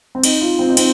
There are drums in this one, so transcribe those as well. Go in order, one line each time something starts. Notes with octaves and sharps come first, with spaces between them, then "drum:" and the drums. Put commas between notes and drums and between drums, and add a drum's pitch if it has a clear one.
C4
D#4, drum: cymbal
F4
C4
D#4
C4, drum: cymbal